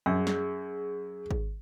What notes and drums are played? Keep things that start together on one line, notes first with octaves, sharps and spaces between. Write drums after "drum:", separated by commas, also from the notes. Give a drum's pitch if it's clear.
F#2 G#4
drum: snare
drum: kick G#1